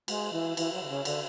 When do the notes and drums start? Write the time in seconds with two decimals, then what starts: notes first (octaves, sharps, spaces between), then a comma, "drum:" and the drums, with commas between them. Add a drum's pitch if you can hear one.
0.08 G#3, drum: cymbal
0.33 E3
0.57 E3, drum: cymbal
0.73 F#3
0.83 D3
0.89 C#3
1.05 D3, drum: cymbal